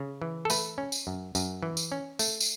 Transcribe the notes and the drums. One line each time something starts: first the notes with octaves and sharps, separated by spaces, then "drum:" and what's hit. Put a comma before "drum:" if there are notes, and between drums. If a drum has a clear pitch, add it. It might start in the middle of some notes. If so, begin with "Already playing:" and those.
Already playing: C#3
E3
A4
A3 B4, drum: tambourine
C#4
drum: tambourine
F#2
F#2, drum: tambourine
E3
drum: tambourine
C#4
A3, drum: tambourine
drum: tambourine